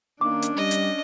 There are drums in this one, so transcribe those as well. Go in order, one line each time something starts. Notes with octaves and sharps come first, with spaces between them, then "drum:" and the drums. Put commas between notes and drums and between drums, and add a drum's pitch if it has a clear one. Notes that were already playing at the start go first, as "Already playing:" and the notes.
D#3 A#3 C#4 D4 D6
drum: hi-hat
G3 D#5
drum: hi-hat